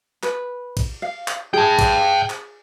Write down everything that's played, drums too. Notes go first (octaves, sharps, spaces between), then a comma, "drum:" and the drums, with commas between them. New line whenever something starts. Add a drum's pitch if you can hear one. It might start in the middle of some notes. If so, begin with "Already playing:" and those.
B4, drum: clap
drum: kick, cymbal
F5
drum: clap
G#4 G5 A5
drum: kick, cymbal
drum: clap